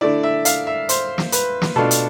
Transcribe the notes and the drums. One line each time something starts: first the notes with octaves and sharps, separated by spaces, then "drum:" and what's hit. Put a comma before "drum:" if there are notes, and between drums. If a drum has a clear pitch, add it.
D3 A3 E4 D5
E5
F5, drum: hi-hat
E5
C5, drum: hi-hat
drum: snare
B4, drum: hi-hat
drum: snare
B2 A3 D4 F4 A4
drum: hi-hat